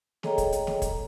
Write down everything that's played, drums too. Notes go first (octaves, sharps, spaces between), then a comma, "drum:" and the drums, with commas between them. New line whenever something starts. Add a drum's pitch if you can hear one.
G#4 A4 C#5 D#5 G5 A#5, drum: snare
drum: kick, hi-hat
drum: hi-hat
drum: snare
drum: kick, hi-hat